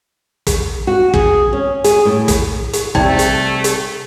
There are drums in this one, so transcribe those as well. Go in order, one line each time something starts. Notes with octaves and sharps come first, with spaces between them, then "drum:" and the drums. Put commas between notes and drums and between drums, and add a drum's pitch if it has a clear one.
drum: kick, hi-hat
F#4
G#4, drum: kick
C#4
G#4, drum: hi-hat
A2
drum: kick, hi-hat
drum: hi-hat
C3 G3 A3 D#4 D5 G5, drum: kick
drum: hi-hat
drum: hi-hat